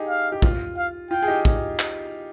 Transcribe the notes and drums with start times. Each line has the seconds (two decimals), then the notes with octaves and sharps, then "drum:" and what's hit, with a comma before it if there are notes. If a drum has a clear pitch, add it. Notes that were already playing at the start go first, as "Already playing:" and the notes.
Already playing: D#4 G4 G#4
0.09 F5
0.32 G4
0.42 F4, drum: kick
0.77 F5
1.11 F4 G5
1.22 G#4
1.27 D#4 G4
1.45 drum: kick
1.79 drum: clap